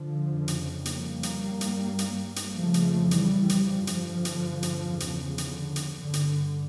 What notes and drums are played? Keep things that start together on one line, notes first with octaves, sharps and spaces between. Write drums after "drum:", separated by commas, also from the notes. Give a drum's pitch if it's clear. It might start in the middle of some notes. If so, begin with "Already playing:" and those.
Already playing: D3 F3
F2 C#3
drum: hi-hat
G3 A#3, drum: hi-hat
drum: hi-hat
G2
drum: hi-hat
drum: hi-hat
drum: hi-hat
F2 C#3 F3 A3
drum: hi-hat
E3 G3, drum: hi-hat
drum: hi-hat
G2 D3 F3
drum: hi-hat
drum: hi-hat
drum: hi-hat
E2 C#3
drum: hi-hat
D3, drum: hi-hat
drum: hi-hat
G2 D3
drum: hi-hat